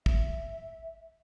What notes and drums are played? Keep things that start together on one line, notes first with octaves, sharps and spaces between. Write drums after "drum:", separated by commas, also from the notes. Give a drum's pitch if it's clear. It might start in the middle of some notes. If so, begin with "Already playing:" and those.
E5, drum: kick